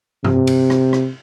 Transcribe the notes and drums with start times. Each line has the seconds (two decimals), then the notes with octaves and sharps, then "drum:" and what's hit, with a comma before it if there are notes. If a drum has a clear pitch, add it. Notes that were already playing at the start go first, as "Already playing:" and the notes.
0.24 C3, drum: tom G2
0.47 drum: cymbal
0.70 drum: rim click
0.93 drum: rim click